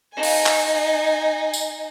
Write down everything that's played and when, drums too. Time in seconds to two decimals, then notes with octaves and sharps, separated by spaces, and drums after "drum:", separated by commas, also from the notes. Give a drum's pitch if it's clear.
0.13 D#4 G#5
0.23 drum: open hi-hat
0.46 drum: clap
1.54 drum: tambourine